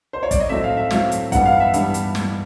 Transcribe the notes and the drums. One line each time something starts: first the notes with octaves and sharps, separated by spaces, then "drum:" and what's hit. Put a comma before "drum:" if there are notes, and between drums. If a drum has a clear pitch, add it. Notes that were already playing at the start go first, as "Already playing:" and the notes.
C5
C#5
D5, drum: kick, hi-hat
D#5
A2 F#3 A3 C4 E5
F5
E5
A2 F#3 A3 C4 F5, drum: snare
drum: hi-hat
G2 E3 G3 B3 F#5, drum: kick, hi-hat
F5
E5
G2 E3 G3 B3, drum: hi-hat
drum: hi-hat
drum: snare